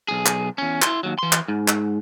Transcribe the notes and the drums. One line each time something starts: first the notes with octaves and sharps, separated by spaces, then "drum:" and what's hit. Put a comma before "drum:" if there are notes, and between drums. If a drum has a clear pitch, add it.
B1 G#4
drum: clap
E2 C#4
E4 C6, drum: clap
D#2 F#3
E3 C6
drum: clap
G#2
drum: clap